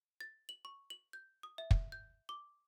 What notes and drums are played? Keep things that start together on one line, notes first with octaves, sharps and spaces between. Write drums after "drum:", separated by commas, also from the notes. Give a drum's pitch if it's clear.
A6
F#7
C#6
F#7
G6
D#6
E5
drum: kick
G6
D6